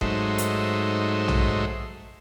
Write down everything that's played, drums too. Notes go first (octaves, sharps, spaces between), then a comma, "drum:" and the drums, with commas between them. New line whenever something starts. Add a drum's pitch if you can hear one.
G#2 F#3 A3 D#4 C5 E5, drum: kick G1
drum: hi-hat
drum: tom